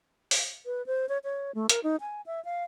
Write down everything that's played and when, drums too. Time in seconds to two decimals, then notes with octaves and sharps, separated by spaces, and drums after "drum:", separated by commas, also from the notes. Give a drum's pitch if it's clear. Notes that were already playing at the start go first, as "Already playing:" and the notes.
0.31 drum: open hi-hat
0.66 B4
0.87 C5
1.09 C#5
1.24 C#5
1.55 A3
1.69 A#4, drum: hi-hat
1.84 D#4
2.01 G#5
2.26 E5
2.45 F5